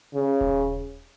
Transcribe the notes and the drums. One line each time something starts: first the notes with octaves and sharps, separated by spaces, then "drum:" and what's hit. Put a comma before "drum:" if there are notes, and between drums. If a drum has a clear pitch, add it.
C#3
drum: kick D#1